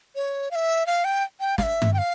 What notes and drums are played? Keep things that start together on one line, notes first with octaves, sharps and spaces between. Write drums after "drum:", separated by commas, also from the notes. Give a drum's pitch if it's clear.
C#5
F5
E5
F5
G5
G5
F5, drum: snare
E5
drum: tom G2
G5
F5